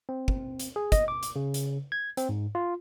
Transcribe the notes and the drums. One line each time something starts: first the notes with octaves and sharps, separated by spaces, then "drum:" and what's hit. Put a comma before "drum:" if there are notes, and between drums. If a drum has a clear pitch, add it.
C4
drum: kick
drum: hi-hat
G#4
D#5, drum: kick, hi-hat
D6
drum: hi-hat
C#3
drum: hi-hat
G#6
C4, drum: hi-hat
G#2
F4